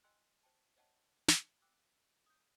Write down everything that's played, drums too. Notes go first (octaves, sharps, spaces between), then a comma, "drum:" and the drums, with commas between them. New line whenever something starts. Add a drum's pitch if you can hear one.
D#5 G5 G#5 C6 E6 F#6
C5 G5 A5
C5 C#5 D#5 F#5 G5 A5
drum: snare
G5 D6 E6 F#6
D#6 G6